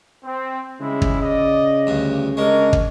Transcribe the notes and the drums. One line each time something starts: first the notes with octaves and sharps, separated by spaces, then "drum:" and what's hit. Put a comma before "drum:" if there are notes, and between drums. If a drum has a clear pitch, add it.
C4
C#3 G3 G#3 E4
drum: kick
D5 D#5
D2 G2
G#3 D4 A#4 C#5
drum: kick